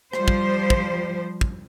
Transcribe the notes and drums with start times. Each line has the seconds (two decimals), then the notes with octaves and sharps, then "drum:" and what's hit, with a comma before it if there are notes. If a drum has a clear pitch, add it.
0.13 F3 G3 C5, drum: rim click
0.28 drum: kick
0.70 drum: kick
1.41 drum: kick